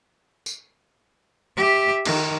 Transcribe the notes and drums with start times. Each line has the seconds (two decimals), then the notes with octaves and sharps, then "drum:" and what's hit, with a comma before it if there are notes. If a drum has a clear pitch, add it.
0.46 drum: tambourine
1.56 G4 E5
2.05 D#3, drum: cymbal